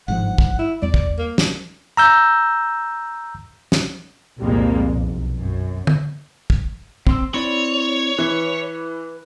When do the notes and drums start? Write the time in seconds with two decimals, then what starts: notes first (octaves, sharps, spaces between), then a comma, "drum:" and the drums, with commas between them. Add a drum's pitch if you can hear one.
0.08 G1 G#2 F3 F#5
0.38 drum: kick
0.59 E4
0.82 E2 G3 D5
0.94 drum: kick
1.18 A#3
1.38 drum: snare
1.97 A#5 E6 G6
3.72 drum: snare
4.40 C2 F2 A#2 G3 G#3 A#3
4.93 B1
5.39 F#2
5.87 drum: tom
6.50 drum: kick
7.07 C4 C6 E6, drum: kick
7.34 C4 E4 C#5 D5
8.19 E3 B4